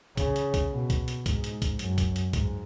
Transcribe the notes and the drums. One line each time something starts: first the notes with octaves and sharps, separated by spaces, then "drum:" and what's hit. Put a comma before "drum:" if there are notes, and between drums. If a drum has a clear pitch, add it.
C#3, drum: kick C2, hi-hat
drum: hi-hat
drum: kick C2, hi-hat
B2
drum: kick C2, hi-hat
drum: hi-hat
G#2, drum: kick C2, hi-hat
drum: hi-hat
drum: kick C2, hi-hat
F#2, drum: hi-hat
drum: kick C2, hi-hat
drum: hi-hat
G#2, drum: kick C2, hi-hat